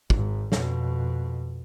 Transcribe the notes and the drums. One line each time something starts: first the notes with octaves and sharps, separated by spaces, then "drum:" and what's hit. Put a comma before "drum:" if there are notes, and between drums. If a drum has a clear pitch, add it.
G#1 G#2, drum: kick
F2 B2, drum: snare